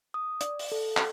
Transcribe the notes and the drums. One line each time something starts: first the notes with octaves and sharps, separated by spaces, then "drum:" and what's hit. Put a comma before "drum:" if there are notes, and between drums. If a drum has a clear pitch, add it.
D#6
D5, drum: hi-hat
drum: open hi-hat
A4
drum: clap